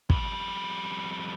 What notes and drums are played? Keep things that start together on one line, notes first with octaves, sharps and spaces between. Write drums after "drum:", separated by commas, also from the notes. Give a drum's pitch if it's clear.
F2 G3, drum: kick